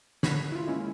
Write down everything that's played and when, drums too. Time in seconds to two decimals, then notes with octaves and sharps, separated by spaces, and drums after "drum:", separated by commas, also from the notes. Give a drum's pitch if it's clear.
0.23 C#5 B5 C#6 F#6 B6, drum: snare
0.35 D3
0.52 E4 F4
0.67 G#3 A#3 C#4 E4